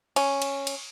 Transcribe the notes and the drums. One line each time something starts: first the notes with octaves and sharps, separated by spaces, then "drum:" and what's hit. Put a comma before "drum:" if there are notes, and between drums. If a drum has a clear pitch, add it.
C#4, drum: cymbal
drum: cymbal
drum: cymbal